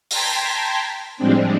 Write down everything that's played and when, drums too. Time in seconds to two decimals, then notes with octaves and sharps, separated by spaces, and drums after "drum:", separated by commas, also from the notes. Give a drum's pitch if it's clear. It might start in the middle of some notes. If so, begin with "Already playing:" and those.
0.11 G5 A5 A#5 C6 G#6 B6, drum: open hi-hat
1.17 A2 F3 G3 G#3 C4 D4